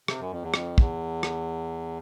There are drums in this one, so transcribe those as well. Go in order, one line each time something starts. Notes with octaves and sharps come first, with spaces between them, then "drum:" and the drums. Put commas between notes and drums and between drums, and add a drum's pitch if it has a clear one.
C3, drum: rim click
F#2
F2
E2
F2, drum: rim click
E2, drum: kick
drum: rim click